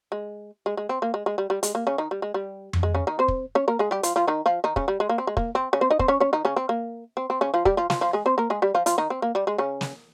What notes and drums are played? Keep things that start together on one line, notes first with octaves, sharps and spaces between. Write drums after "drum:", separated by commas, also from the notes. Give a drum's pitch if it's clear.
G#3
G#3
G#3
C4
A#3
G#3
G#3
G3
G3
G#3, drum: hi-hat
A#3
C#3 C#4
D#3 D#4
G3
G#3
G3
drum: tom F2
G#3
C#3 C#4
D#3 D#4
C4 C5
drum: kick
C#4 C#5
A#3 A#4
G#3 G#4
G3 G4
F3 F4, drum: hi-hat
F3 F4
D#3 D#4
F3 F4
D#3 D#4
C#3 C#4, drum: kick
G3
G#3
A#3
C4
G#3
A#3, drum: kick
C4
C#3 C#4
C4 C5
D#4 D#5
C4 C5, drum: kick
C#4 C#5
C#4 C#5
D#3 D#4
C#3 C#4
C4
A#3
C4
C4
C#3 C#4
F3 F4
G3 G4, drum: kick
F3 F4
F3 F4, drum: snare
F3 F4
G#3 G#4
C4 C5
A#3 A#4
G#3 G#4
G3 G4
F3 F4
F3 F4, drum: hi-hat
D#3 D#4
C4
A#3
G3
G#3
C#3 C#4
drum: snare